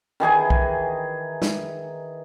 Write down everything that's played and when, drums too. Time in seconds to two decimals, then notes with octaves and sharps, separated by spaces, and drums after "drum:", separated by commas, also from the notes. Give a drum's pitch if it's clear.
0.20 D#3 E3 G#4 G#5
0.50 drum: kick
1.42 drum: snare